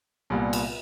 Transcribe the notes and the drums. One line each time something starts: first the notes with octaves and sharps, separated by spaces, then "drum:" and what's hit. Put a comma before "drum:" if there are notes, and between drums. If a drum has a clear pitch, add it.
C2 A#2 G3 B3
drum: cymbal